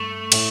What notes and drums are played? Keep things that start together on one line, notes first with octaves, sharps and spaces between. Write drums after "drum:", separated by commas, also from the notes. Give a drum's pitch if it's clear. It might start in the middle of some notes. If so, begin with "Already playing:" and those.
Already playing: G2 A3
A2, drum: cymbal